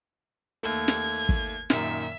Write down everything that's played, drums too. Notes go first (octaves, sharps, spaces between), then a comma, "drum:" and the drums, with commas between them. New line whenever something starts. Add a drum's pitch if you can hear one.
D#2 A3 G#6
drum: snare
drum: kick
F#2 A#2 D#3 E5, drum: snare